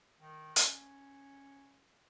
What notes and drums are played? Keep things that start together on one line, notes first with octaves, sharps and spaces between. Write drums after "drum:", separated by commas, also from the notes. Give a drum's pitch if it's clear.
D#3
C#4, drum: hi-hat